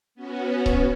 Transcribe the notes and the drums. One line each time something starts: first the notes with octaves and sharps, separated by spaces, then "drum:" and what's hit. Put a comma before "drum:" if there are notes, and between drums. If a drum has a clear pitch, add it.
B3 C#4 F#4
drum: kick C#1